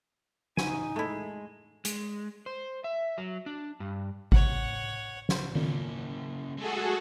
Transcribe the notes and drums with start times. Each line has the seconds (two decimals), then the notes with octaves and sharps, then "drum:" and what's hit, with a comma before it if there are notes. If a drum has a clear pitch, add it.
0.57 D#4 G#5, drum: snare
0.96 G#3 A3 E4
1.85 G#3, drum: hi-hat
2.46 C5
2.84 E5
3.18 F#3
3.46 D4
3.80 G2
4.32 C#5 F#5, drum: kick G#1
5.29 drum: snare
5.55 C#3 A#3 C#4, drum: tom D#3
6.58 G#3 A3 F#4 G#4 A4